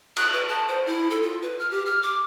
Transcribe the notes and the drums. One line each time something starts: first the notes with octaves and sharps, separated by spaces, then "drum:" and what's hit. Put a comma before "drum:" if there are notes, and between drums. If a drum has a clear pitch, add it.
F#6, drum: cymbal
B4
A5
C5
E4
A4
F4
B4
F6
G4
F6
D6